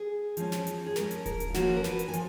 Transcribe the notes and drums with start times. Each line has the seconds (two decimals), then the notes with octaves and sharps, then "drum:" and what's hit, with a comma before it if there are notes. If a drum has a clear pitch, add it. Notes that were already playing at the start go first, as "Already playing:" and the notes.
Already playing: G#4
0.37 F3 G#3 C#4, drum: hi-hat
0.52 drum: snare
0.67 drum: hi-hat
0.86 G#4
0.96 F3 G#3 C#4 A#4, drum: snare
1.11 drum: hi-hat
1.26 A#4, drum: kick D#1, hi-hat
1.40 drum: hi-hat
1.50 F4
1.54 F3 A#3 C#4 F#4, drum: snare
1.76 A#4
1.84 B4, drum: snare
1.99 drum: hi-hat
2.08 G#5
2.14 F3, drum: hi-hat